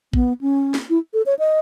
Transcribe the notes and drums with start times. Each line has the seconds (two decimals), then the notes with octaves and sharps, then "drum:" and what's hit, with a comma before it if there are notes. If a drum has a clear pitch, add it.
0.13 B3, drum: kick A1
0.41 C#4
0.74 drum: snare
0.90 E4
1.14 A4
1.26 C#5
1.39 D#5